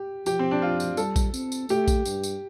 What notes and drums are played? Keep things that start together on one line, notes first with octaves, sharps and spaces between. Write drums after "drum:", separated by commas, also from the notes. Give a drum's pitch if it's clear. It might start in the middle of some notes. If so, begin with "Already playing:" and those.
Already playing: G4
F3 G4, drum: tambourine
C4
D4
F4
drum: tambourine
G3 A4, drum: tambourine
drum: kick A#1, tambourine
C4, drum: tambourine
drum: tambourine
A3 G4, drum: tambourine
drum: kick A#1, tambourine
G2, drum: tambourine
drum: tambourine